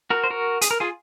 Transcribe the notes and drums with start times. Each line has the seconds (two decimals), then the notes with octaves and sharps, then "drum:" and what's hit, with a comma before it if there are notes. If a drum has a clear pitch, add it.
0.10 F#4 A#4
0.24 C5
0.30 F#4 A#4
0.61 G#4, drum: hi-hat
0.71 A#4
0.80 F4 G#4